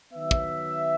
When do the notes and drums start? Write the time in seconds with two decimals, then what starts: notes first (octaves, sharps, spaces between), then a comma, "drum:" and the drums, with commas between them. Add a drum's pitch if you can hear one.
0.13 D#3 F#3 B3 E5
0.31 drum: kick